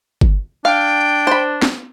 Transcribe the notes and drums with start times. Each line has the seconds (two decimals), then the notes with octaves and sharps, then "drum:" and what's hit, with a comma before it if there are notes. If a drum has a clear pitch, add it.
0.21 drum: kick G1
0.65 D4 F5 G5
1.27 C5 B5
1.62 drum: snare